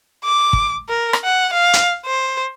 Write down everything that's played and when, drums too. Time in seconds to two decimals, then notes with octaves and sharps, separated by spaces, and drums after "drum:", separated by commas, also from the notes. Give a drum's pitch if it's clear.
0.25 D6
0.53 drum: kick
0.89 A#4
1.13 drum: rim click
1.24 F#5
1.53 F5
1.73 drum: hi-hat
2.06 C5